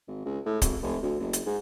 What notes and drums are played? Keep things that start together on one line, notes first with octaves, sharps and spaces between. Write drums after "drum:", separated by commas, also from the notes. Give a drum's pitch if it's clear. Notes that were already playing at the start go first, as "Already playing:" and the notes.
G#1
C#2
A2
G#1, drum: kick, hi-hat
F1
D2
F#1
drum: hi-hat
G#2